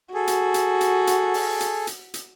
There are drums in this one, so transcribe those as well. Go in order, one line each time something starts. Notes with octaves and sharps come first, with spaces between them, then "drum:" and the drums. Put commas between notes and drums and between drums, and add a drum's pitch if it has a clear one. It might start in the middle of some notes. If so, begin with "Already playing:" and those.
F#4 G#4 A4
drum: hi-hat
drum: hi-hat
drum: hi-hat
drum: hi-hat
drum: open hi-hat
drum: hi-hat
drum: hi-hat
drum: hi-hat